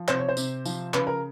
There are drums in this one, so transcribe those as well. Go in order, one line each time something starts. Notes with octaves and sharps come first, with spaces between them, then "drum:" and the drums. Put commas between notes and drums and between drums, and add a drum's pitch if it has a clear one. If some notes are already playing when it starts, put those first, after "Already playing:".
Already playing: F3
C3 C5, drum: clap
C#5
C5
C3, drum: tambourine
F3, drum: tambourine
C#3 B4, drum: clap
A#4